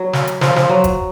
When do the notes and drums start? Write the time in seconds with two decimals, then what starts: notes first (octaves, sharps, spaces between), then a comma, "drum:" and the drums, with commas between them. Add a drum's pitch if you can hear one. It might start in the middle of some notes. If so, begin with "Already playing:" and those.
Already playing: F#3
0.13 drum: snare
0.27 drum: hi-hat
0.41 F3, drum: snare
0.56 F3, drum: snare
0.69 F#3
0.84 drum: kick F1, hi-hat